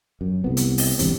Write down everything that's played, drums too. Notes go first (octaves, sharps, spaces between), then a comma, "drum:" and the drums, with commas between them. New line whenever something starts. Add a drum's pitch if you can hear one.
F#2
C2 B3
drum: hi-hat
drum: open hi-hat
E1 E2 G2 C4, drum: hi-hat